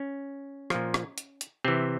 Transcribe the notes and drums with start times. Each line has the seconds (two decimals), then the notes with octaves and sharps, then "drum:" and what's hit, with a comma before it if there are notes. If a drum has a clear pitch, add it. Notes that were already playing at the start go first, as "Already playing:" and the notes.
Already playing: C#4
0.70 A#2 F3, drum: rim click
0.94 drum: rim click
1.18 drum: hi-hat
1.41 drum: hi-hat
1.64 C3 E3 C4